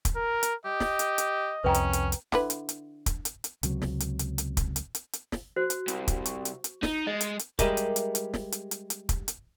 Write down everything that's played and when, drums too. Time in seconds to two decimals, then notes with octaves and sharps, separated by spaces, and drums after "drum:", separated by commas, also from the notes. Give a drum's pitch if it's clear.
0.05 drum: kick, hi-hat
0.16 A#4
0.43 drum: hi-hat
0.65 G4 D#5
0.80 drum: snare
0.99 drum: hi-hat
1.18 drum: hi-hat
1.64 C2 F2 C#4 B4 G5 A#5
1.74 drum: hi-hat
1.93 drum: hi-hat
2.12 drum: hi-hat
2.32 D3 E4 B4, drum: snare
2.50 drum: hi-hat
2.69 drum: hi-hat
3.06 drum: kick, hi-hat
3.25 drum: hi-hat
3.44 drum: hi-hat
3.63 C#2 C3 F#3, drum: hi-hat
3.82 drum: snare
4.00 drum: hi-hat
4.19 drum: hi-hat
4.38 drum: hi-hat
4.57 drum: kick, hi-hat
4.76 drum: hi-hat
4.95 drum: hi-hat
5.13 drum: hi-hat
5.32 drum: snare
5.56 F#4 C5
5.70 drum: hi-hat
5.88 C2, drum: hi-hat
6.08 drum: kick, hi-hat
6.25 C#6, drum: hi-hat
6.45 drum: hi-hat
6.64 drum: hi-hat
6.83 D#4, drum: snare
7.07 G#3 D#5
7.21 drum: hi-hat
7.39 drum: hi-hat
7.59 G3 G#3 G4 A#4 D#5 E5, drum: kick, hi-hat
7.77 drum: hi-hat
7.96 drum: hi-hat
8.15 drum: hi-hat
8.34 drum: snare
8.52 drum: hi-hat
8.71 drum: hi-hat
8.90 drum: hi-hat
9.09 drum: kick, hi-hat
9.28 drum: hi-hat